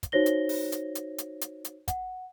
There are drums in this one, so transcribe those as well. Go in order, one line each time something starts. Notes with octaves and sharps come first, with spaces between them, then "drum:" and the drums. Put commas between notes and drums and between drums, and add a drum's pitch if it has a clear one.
drum: kick, hi-hat
D#4 F#4 C5 C#5 A#6 G7
drum: hi-hat
drum: open hi-hat
drum: hi-hat
drum: hi-hat
drum: hi-hat
drum: hi-hat
drum: hi-hat
F#5, drum: kick, hi-hat